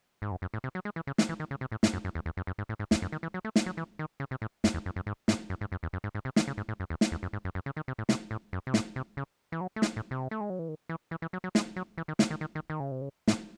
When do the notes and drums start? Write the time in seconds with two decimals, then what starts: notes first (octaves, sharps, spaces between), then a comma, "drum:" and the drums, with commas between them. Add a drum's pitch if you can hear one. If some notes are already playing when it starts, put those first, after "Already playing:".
0.22 G#2
0.31 F#2
0.42 F#2
0.54 A2
0.64 C3
0.75 F#3
0.85 G#3
0.96 E3
1.07 C#3
1.18 E3, drum: snare
1.29 E3
1.40 D#3
1.51 C#3
1.61 C3
1.72 A2
1.83 G#2, drum: snare
1.93 F#2
2.05 F#2
2.15 E2
2.26 E2
2.37 F#2
2.47 F#2
2.58 G#2
2.69 A2
2.79 G#2
2.91 E2, drum: snare
3.02 F#2
3.12 D#3
3.23 E3
3.34 F#3
3.45 A3
3.56 drum: snare
3.66 F#3
3.77 E3
3.99 D#3
4.20 C#3
4.31 C3
4.42 A2
4.64 F#2, drum: snare
4.74 E2
4.86 F#2
4.96 F#2
5.07 G#2
5.28 G#2, drum: snare
5.50 F#2
5.61 G#2
5.72 F#2
5.83 E2
5.93 F#2
6.04 G#2
6.15 G#2
6.25 C3
6.36 D#3, drum: snare
6.48 C#3
6.57 G#2
6.69 A2
6.80 F#2
6.90 E2
7.01 drum: snare
7.12 E2
7.23 F#2
7.33 G#2
7.45 F#2
7.55 F#2
7.66 C#3
7.77 D#3
7.88 C3
7.98 A2
8.09 C3, drum: snare
8.31 A2
8.53 F#2
8.67 C3
8.74 A2, drum: snare
8.96 C3
9.17 C#3
9.52 E3
9.61 F#3
9.76 A3
9.82 G#3, drum: snare
9.96 A2
10.11 C3
10.31 A3
10.41 G#3
10.50 F#3
10.59 E3
10.68 D#3
10.89 E3
11.11 E3
11.22 E3
11.33 F#3
11.44 F#3
11.55 G#3, drum: snare
11.76 F#3
11.98 E3
12.08 D#3
12.19 C#3, drum: snare
12.31 D#3
12.41 D#3
12.55 D#3
12.70 D#3
12.80 C#3
12.91 C3
13.01 C#3
13.28 A2, drum: snare